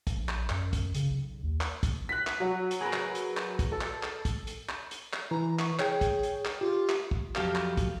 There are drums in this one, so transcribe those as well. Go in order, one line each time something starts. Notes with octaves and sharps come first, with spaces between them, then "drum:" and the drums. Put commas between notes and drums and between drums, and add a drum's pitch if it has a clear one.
drum: kick, hi-hat
A#1
drum: clap
F#2, drum: clap
drum: kick, hi-hat
C#3, drum: hi-hat
B1
D#2
drum: clap
drum: kick, hi-hat
F#6 B6
drum: clap
F#3 F#4
drum: hi-hat
G#4 A#4 B4
drum: clap
drum: hi-hat
drum: clap
drum: kick, hi-hat
A4
drum: clap
drum: clap
drum: kick, hi-hat
drum: hi-hat
drum: clap
drum: hi-hat
drum: clap
E3 A#5
C#6, drum: clap
G#4 C#5 G5, drum: clap
drum: kick, hi-hat
drum: hi-hat
drum: clap
F4 G4
drum: clap
drum: kick
F2 F#3 G4 A4 F5, drum: clap
drum: clap
drum: kick, hi-hat